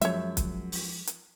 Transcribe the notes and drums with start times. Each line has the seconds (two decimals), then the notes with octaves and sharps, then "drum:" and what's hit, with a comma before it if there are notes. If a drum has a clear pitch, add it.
0.01 F#2 F3 G#3 C#5 E5, drum: hi-hat
0.37 drum: kick, hi-hat
0.72 drum: open hi-hat
1.07 drum: hi-hat